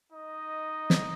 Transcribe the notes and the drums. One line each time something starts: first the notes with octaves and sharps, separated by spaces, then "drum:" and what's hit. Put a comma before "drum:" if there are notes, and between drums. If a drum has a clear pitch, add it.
D#4 D#5
drum: snare